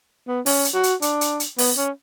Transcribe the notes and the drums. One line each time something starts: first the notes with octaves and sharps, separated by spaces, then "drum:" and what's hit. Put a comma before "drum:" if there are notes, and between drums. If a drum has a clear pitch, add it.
B3
C#4, drum: open hi-hat
drum: hi-hat
F#4
drum: hi-hat
D4, drum: hi-hat
drum: hi-hat
drum: hi-hat
B3, drum: open hi-hat
C#4